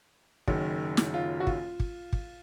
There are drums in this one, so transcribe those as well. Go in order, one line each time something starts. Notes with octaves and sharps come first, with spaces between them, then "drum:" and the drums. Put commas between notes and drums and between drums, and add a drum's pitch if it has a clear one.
F#1 F#2 D#3, drum: kick
drum: snare
F4
F#4
F4, drum: kick
drum: kick
drum: kick